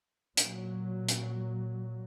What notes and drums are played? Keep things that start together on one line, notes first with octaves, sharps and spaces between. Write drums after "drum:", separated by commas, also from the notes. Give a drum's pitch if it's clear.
A#2 F#3, drum: hi-hat
drum: hi-hat